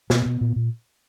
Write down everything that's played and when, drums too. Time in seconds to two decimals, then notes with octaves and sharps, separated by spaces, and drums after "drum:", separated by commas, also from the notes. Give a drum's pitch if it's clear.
0.10 B2 B3, drum: snare
0.26 B2
0.41 A#2
0.56 A#2